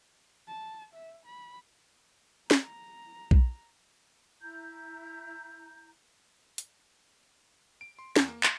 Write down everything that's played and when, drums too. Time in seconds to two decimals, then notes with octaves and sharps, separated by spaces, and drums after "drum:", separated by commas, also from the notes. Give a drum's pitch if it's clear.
0.47 A5
0.94 E5
1.26 B5
2.51 A#5, drum: snare
3.31 drum: kick
4.40 E4 A#5 G6
6.58 drum: hi-hat
7.81 D7
7.99 C6
8.16 E2, drum: snare
8.28 A#3
8.43 C6, drum: clap